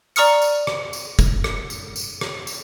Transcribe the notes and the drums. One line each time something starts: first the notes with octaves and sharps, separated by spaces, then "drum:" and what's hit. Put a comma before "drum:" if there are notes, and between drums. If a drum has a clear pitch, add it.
D5 A#5 C#6 D#6 F6 C#7, drum: tambourine
drum: tambourine
drum: rim click
drum: tambourine
drum: kick, tambourine
drum: rim click
drum: tambourine
drum: tambourine
drum: rim click
drum: tambourine